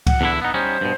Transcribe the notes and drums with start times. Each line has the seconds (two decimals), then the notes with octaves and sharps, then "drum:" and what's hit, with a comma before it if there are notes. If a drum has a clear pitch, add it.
0.07 F#5, drum: kick C#2, cymbal
0.21 E2 D3 E4
0.41 B3 D#4 F#5
0.54 G3 C#4 D#4 C5
0.81 G2 B2